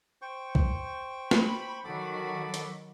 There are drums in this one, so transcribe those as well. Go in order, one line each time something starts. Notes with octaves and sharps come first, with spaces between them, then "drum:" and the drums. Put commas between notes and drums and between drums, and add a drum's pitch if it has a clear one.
C5 G5 C#6
drum: kick B1
B5, drum: snare
D#3 F#3 F#4 A4 B5 D6
drum: hi-hat